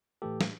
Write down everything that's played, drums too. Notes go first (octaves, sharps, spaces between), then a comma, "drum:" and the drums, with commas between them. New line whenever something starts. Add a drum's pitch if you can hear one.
A2 E3 A3 G4 A4
drum: snare